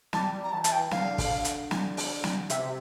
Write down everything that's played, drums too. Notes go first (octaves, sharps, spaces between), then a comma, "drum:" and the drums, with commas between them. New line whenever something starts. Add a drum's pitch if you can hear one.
G3 A5, drum: snare
A#5
E3 A5
A5, drum: hi-hat
G5
D3 F5, drum: snare
drum: kick, open hi-hat
drum: hi-hat
drum: snare
drum: open hi-hat
drum: snare
C3 E5, drum: hi-hat